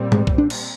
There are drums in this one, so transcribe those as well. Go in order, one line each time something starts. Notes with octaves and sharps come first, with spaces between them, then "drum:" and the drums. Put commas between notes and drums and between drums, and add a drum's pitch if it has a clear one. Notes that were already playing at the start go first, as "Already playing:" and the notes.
Already playing: A#2 G3 C4
G#3, drum: tom G#2
drum: kick B1
D4
drum: cymbal